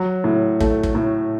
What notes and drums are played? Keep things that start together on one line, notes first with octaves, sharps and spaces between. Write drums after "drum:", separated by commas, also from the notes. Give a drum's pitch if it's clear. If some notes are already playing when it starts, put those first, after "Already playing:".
Already playing: F#3
A2
A3, drum: kick
drum: kick
A2